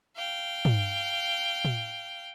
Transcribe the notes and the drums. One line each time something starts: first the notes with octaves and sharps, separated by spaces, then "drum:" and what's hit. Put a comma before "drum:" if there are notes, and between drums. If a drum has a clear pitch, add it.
F5 G5
drum: tom
drum: tom